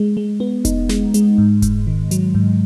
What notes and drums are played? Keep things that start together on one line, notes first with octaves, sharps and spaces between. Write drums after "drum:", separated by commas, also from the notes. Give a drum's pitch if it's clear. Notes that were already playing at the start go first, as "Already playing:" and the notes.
Already playing: G#3
G#3
B3
D#4, drum: kick F1, hi-hat
G#3, drum: snare
G#3, drum: hi-hat
G#2
G#2, drum: kick F1, hi-hat
D#3
F#3, drum: hi-hat
G#2